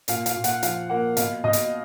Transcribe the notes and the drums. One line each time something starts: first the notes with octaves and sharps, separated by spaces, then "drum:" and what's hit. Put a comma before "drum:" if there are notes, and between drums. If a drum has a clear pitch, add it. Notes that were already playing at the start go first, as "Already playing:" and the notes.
A#2 F5, drum: hi-hat
F5, drum: hi-hat
A#2
F#5, drum: hi-hat
F3 F5, drum: hi-hat
A#3 F#5
B2 F5, drum: hi-hat
B2 D#5
drum: hi-hat